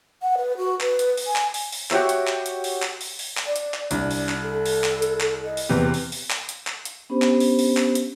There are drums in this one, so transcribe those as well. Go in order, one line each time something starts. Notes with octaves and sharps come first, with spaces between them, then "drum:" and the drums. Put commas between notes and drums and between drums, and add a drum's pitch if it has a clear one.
F#5
B4
F#4
B4, drum: clap
drum: hi-hat
drum: open hi-hat
G#5
drum: clap
drum: open hi-hat
drum: open hi-hat
F#4 G4 C#5 E5, drum: clap
drum: hi-hat
drum: clap
drum: hi-hat
drum: open hi-hat
drum: clap
drum: open hi-hat
drum: open hi-hat
drum: clap
D5
drum: hi-hat
drum: clap
C2 D4, drum: hi-hat
drum: open hi-hat
drum: clap
A4
drum: open hi-hat
drum: clap
drum: hi-hat
drum: clap
D#5
drum: open hi-hat
E2 C3 B4
drum: open hi-hat
drum: open hi-hat
drum: clap
drum: hi-hat
drum: clap
drum: hi-hat
B3 C#4 D4 G4 C5
drum: clap
drum: open hi-hat
drum: open hi-hat
drum: clap
drum: hi-hat